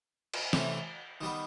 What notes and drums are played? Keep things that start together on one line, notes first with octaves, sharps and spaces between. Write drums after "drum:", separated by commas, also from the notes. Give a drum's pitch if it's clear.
drum: cymbal
C3 E3 A3 C#4, drum: snare
D#3 G3 B3